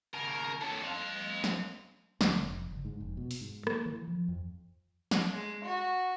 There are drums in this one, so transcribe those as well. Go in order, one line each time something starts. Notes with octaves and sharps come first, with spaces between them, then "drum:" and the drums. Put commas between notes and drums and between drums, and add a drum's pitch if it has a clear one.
D#2 C#3 A#4
D#3 D4 A4 C#5
C4 D#5 F5 C6
drum: snare
D2, drum: snare
F1
F#1
G#2
F1
B2
drum: open hi-hat
G#2
A#3, drum: rim click
E3
F3
F2
drum: snare
G#3
F#4